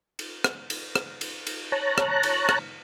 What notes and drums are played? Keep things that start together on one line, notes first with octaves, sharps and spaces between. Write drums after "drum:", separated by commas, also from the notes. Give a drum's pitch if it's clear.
drum: cymbal
drum: rim click
drum: cymbal
drum: rim click
drum: cymbal
drum: cymbal
C#5 A5 A#5 F#6
drum: rim click
drum: cymbal
drum: rim click